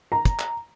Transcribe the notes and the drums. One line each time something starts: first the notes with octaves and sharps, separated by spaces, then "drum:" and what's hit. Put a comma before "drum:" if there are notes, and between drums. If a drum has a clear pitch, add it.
A#5
drum: kick, hi-hat
drum: clap